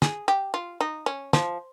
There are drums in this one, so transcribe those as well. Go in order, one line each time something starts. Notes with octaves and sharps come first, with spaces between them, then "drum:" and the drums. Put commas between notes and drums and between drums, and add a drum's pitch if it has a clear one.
G#4, drum: snare
G4
F4
D#4
C#4
F3, drum: snare